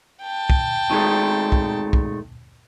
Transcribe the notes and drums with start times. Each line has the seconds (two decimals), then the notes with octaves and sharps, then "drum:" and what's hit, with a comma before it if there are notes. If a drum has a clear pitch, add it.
0.23 G5 A5
0.50 drum: kick
0.91 D#3 G#3 A3
1.52 drum: kick
1.93 drum: kick